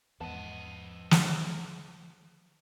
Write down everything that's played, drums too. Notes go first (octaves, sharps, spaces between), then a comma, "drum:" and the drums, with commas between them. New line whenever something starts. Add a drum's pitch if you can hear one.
E2 G#2 F3 B3 D#5 A5
drum: snare